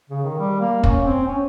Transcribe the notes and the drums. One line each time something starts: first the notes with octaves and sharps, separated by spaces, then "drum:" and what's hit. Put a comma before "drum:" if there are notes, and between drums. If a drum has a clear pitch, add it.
C#3
D#3
G3
A#3
C#4, drum: kick
C4
C#4